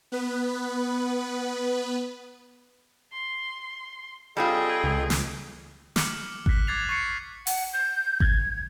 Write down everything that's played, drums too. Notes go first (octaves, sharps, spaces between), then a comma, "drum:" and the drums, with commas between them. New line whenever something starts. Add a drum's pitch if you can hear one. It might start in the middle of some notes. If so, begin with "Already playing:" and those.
B3 B4
C6
G3 C4 F4 G#4 A4 D#5 G5
C#2
drum: snare
D6 F6 C#7 F#7, drum: snare
F#6 B6, drum: kick G#1
D6 F#6 G#6 A6 C7 F7
C#6 A6 C7 C#7
F#5, drum: open hi-hat
G6
G#6, drum: kick G#1